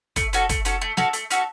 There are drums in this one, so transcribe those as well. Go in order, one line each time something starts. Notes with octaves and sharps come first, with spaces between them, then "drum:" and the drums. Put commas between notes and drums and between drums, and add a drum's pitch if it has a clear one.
A3, drum: kick, hi-hat
C#4 F#4 A4, drum: hi-hat
A3, drum: kick, hi-hat
C#4 F#4 A4, drum: hi-hat
A3
C#4 F#4 A4, drum: snare
A3, drum: hi-hat
C#4 F#4 A4, drum: hi-hat